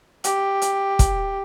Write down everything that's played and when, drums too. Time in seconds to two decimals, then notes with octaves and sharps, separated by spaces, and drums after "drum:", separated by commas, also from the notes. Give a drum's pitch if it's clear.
0.24 G4, drum: hi-hat
0.62 drum: hi-hat
0.99 drum: kick, hi-hat